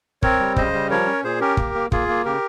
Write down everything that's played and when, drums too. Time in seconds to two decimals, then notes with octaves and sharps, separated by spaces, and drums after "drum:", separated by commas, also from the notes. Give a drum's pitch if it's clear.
0.23 C4 A#4 C#5, drum: kick
0.39 G3
0.56 C#3 C5 D#5, drum: kick
0.73 G3
0.90 F3 A#4 C#5
1.07 C#4
1.24 A#2 G#4 C5
1.40 C#4 G4 A#4
1.57 A#3, drum: kick
1.75 A#3
1.92 A#3 F4 G#4, drum: kick
2.08 A#3
2.25 C#3 G4 A#4